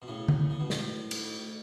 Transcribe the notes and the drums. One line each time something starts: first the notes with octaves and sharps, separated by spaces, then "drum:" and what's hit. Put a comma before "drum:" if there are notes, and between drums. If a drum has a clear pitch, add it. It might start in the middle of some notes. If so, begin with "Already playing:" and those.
B2
A2 C#3
drum: tom D3
C#3
B2
A2, drum: snare
drum: cymbal